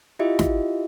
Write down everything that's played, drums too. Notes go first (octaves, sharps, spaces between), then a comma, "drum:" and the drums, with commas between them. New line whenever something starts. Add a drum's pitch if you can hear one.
E4 F4 G4 D#5 E5
drum: snare